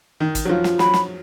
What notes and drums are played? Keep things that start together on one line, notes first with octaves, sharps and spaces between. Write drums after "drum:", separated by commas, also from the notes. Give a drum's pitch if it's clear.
D#3
drum: kick, hi-hat
F#3
F3
drum: snare
F#3 B5, drum: snare
drum: snare